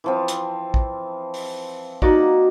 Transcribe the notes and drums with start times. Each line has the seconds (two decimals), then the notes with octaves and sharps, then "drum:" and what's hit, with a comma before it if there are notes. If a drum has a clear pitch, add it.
0.04 E3 F3 C4
0.28 drum: hi-hat
0.74 drum: kick
1.34 drum: open hi-hat
2.02 A#3 D#4 F#4 D5, drum: kick